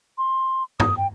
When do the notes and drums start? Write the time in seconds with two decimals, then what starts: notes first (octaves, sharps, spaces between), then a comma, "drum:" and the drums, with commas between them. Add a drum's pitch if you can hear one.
0.18 C6
0.80 D#6, drum: tom
0.97 G5